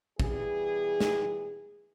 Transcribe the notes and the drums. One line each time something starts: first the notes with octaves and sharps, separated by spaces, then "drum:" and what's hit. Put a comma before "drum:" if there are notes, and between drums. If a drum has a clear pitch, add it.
B2 E3 G3 G#4, drum: kick
drum: snare